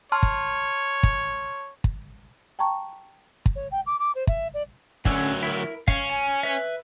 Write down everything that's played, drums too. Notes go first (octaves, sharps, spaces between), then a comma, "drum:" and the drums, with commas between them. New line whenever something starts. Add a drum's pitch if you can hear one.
C#5 A5 C6 F6
drum: kick
drum: kick
drum: kick
G5 A5 A#5 C#6
drum: kick
C#5
G5
D6
D6
C5
E5, drum: kick
D5
D2 D3 F#3 C#4 E6, drum: kick
E4 A#4
C#4 F5, drum: kick
G#5
B4 E5